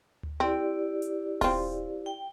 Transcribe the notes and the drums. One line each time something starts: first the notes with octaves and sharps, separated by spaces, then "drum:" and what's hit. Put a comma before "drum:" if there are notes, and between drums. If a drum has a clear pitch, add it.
drum: tom D2
C4 E4 G4 D5
drum: hi-hat
C4 F4, drum: kick D#1, open hi-hat
G5